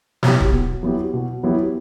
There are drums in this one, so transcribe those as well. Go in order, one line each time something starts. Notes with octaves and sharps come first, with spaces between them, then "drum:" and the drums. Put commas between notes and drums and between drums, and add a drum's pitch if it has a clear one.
F#3 B3 E4 G4, drum: snare
drum: kick
B2
F#3 B3 E4 G4
B2
F#3 B3 E4 G4